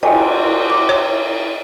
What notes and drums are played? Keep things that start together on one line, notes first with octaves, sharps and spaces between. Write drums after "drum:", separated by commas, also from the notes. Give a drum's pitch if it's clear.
F#4 G4 C5 D#5 G5 G#5, drum: cymbal
D6
C#5